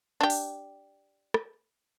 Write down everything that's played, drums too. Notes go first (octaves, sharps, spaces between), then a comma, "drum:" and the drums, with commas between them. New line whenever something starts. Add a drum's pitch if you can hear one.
D4 G4
drum: open hi-hat
drum: rim click